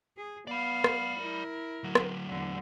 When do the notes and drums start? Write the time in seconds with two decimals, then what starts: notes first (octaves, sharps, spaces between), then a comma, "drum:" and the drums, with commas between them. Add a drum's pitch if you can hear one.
0.17 G#4
0.47 B3 D5 F5 B5
0.84 drum: rim click
1.19 E4 A#4
1.84 D2 F#3
1.95 drum: rim click
2.28 E2 D3